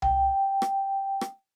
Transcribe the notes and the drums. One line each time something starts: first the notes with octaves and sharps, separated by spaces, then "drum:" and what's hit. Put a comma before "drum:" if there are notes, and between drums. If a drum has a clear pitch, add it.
G5, drum: tom C2
drum: rim click
drum: rim click